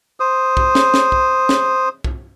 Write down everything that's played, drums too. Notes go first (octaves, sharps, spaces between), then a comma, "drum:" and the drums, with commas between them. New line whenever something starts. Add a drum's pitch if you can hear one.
C5 D#6
drum: kick
drum: snare
drum: snare
drum: kick
drum: snare
drum: kick